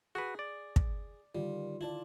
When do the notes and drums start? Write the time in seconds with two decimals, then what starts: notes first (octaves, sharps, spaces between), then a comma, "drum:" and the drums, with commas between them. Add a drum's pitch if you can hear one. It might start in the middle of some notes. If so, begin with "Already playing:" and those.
0.15 F#4 G#4 B4
0.39 D5
0.76 drum: kick
1.35 D3 D#3 G3 F4
1.81 E4 F4 D5 A5